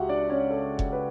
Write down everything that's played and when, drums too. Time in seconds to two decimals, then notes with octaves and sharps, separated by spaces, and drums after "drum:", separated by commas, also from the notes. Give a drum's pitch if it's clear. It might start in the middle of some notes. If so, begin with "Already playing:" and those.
Already playing: C#2 F#4 G4 E5 F#5
0.09 D4 D5
0.30 C#4 C#5
0.51 A4
0.79 drum: kick F1
0.93 B4